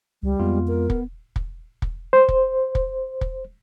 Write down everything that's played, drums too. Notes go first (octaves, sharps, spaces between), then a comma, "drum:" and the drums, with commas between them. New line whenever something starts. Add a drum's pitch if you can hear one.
C#2 G3
F2 G#3 B3 F4
A#4
B3, drum: kick
drum: kick
drum: kick
C5
drum: kick
drum: kick
drum: kick